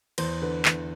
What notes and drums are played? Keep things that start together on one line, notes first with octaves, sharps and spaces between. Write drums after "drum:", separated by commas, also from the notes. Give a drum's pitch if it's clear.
E2 C5, drum: cymbal
D3 B4
E2, drum: clap